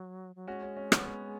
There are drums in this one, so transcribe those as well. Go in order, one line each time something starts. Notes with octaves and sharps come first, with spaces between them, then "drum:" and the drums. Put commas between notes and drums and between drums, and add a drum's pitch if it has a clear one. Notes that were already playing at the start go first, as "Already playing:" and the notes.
Already playing: F#3
F#3
G#3 C#4 F#4
C#4
C#4
B3, drum: rim click
C#4